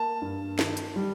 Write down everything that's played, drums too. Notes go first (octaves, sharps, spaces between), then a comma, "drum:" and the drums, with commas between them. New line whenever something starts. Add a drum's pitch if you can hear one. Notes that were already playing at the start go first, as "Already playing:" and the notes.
Already playing: A#3 A5
G2
D#3, drum: snare
drum: hi-hat
G3